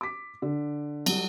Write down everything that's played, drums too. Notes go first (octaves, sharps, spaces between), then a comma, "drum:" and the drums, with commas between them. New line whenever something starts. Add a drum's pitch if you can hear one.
D6 B6
D3
F#3 G3, drum: cymbal